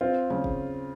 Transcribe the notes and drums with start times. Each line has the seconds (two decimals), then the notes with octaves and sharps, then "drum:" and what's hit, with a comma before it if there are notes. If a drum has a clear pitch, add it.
0.01 C4 F4
0.30 C#3, drum: tom
0.44 drum: kick